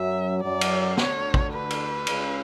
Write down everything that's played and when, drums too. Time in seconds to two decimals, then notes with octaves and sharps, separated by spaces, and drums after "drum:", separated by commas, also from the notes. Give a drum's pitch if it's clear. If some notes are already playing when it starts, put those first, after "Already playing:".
Already playing: F#2 F#3 E5
0.42 F#2 F#3 D5
0.61 drum: cymbal
0.97 D2 D3 C#5, drum: snare
1.34 drum: kick
1.53 B4
1.70 drum: cymbal
2.07 C#2 C#3, drum: cymbal